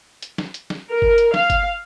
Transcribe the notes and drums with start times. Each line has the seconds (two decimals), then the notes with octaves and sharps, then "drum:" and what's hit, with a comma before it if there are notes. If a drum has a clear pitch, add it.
0.22 drum: hi-hat
0.38 drum: snare
0.54 drum: hi-hat
0.70 drum: snare
0.91 A#4
1.02 drum: kick G1
1.18 drum: hi-hat
1.34 F5, drum: snare
1.50 drum: kick G1, hi-hat